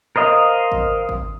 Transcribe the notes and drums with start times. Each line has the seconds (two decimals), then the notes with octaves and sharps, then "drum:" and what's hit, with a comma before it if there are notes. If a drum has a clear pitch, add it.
0.16 A#4 C5 D#5 F5
0.72 drum: kick G#1
1.09 drum: kick G#1